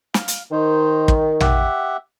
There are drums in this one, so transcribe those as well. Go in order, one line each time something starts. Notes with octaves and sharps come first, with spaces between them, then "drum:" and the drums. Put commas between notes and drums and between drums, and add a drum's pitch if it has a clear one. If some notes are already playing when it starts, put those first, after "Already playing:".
F5, drum: snare
drum: hi-hat
D#3 D#4 C5
drum: kick
G4 E5 F#5, drum: tom